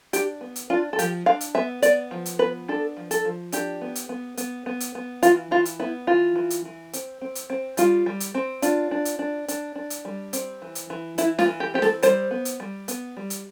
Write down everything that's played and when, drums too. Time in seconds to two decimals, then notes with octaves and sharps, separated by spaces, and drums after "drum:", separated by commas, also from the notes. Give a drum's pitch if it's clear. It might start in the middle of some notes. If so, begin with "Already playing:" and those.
0.13 D4 G4, drum: hi-hat
0.41 B3
0.56 drum: hi-hat
0.70 D4 F4
0.93 A4
0.99 F3 G4, drum: hi-hat
1.26 D4 F5
1.41 drum: hi-hat
1.55 B3 E5
1.82 B3 D5, drum: hi-hat
2.11 F3
2.26 drum: hi-hat
2.39 B3 B4
2.68 D4 A4
2.97 F3
3.11 A4, drum: hi-hat
3.25 F3
3.52 D4 G4, drum: hi-hat
3.81 B3
3.95 drum: hi-hat
4.09 B3
4.37 B3, drum: hi-hat
4.66 B3
4.80 drum: hi-hat
4.95 B3
5.23 E3 F4, drum: hi-hat
5.51 E3 F4
5.65 drum: hi-hat
5.80 B3 E4
6.07 E3 F4
6.36 E3
6.50 drum: hi-hat
6.65 E3
6.93 C4, drum: hi-hat
7.21 C4
7.35 drum: hi-hat
7.50 C4
7.77 G3 F4, drum: hi-hat
8.06 G3
8.20 drum: hi-hat
8.34 C4
8.62 D4 F4, drum: hi-hat
8.91 D4
9.05 drum: hi-hat
9.19 D4
9.48 D4, drum: hi-hat
9.76 D4
9.90 drum: hi-hat
10.05 G3
10.33 C4, drum: hi-hat
10.62 E3
10.75 drum: hi-hat
10.90 E3
11.18 E3 E4, drum: hi-hat
11.39 F4, drum: snare
11.46 E3
11.60 G4
11.74 C4 G4
11.82 A4, drum: snare
12.02 G3 C5, drum: hi-hat
12.31 B3
12.45 drum: hi-hat
12.60 G3
12.88 B3, drum: hi-hat
13.17 G3
13.30 drum: hi-hat